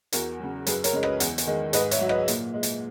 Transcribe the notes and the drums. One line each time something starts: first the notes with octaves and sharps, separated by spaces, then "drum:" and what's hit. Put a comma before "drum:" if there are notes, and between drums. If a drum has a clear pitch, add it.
E2 F#4 A#4, drum: hi-hat
C#3 F#3
F#2 G#4 B4, drum: hi-hat
A#4 C#5, drum: hi-hat
C#3 G#3
B4 D#5, drum: rim click
E2, drum: hi-hat
drum: hi-hat
D#3 G#3
G#2 B4 D#5, drum: hi-hat
C#5 E5, drum: hi-hat
F#3
B4 D#5, drum: rim click
A#2, drum: hi-hat
G#3
drum: hi-hat